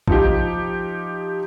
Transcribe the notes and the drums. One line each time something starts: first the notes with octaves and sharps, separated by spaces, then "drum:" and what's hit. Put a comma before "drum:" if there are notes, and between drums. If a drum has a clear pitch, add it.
F3 D#4 G4, drum: kick A#1